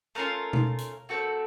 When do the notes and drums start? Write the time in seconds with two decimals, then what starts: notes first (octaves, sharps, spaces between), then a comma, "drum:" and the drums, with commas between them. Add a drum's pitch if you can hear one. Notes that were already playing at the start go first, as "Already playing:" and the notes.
0.15 A3 C#4 F4 A#4
0.53 drum: tom B2
0.79 drum: hi-hat
1.09 A3 C4 F#4 A4